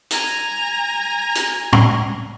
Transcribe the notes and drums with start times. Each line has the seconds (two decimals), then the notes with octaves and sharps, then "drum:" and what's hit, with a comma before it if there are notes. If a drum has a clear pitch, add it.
0.11 G#5 A#5, drum: hi-hat
1.35 drum: hi-hat
1.73 drum: tom